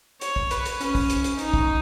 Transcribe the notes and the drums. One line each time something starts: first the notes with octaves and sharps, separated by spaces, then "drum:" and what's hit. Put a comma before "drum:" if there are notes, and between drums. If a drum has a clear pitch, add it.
C#5, drum: hi-hat
drum: kick
B4, drum: hi-hat
drum: hi-hat
C#4, drum: hi-hat
drum: kick, open hi-hat
drum: hi-hat
drum: hi-hat
D#4, drum: hi-hat
drum: kick